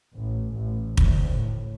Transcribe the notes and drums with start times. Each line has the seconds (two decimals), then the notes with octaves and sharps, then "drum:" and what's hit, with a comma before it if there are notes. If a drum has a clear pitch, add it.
0.15 A1
0.54 A1
0.97 D2, drum: kick
1.32 A2